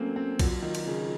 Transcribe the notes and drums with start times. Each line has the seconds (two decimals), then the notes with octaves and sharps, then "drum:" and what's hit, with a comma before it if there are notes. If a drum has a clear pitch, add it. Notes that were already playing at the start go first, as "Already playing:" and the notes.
Already playing: F#3 A3 A#3 C4 C#4
0.16 C4
0.39 F#3 F4, drum: kick, cymbal
0.62 D#3
0.75 drum: cymbal
0.87 C#3